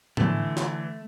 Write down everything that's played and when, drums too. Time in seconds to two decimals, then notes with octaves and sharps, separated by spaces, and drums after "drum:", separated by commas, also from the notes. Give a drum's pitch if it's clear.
0.17 D3 E3 A3, drum: tom
0.57 drum: snare